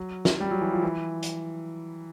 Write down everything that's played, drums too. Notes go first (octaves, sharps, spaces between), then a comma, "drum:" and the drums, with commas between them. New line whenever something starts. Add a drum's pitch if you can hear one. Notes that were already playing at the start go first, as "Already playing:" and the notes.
Already playing: F#3
drum: snare
G3
F#3
E3
F3
E3
drum: hi-hat